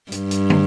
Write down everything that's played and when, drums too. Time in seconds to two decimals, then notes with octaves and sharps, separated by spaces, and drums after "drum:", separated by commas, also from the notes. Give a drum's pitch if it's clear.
0.12 G2, drum: hi-hat
0.31 drum: hi-hat
0.50 drum: tom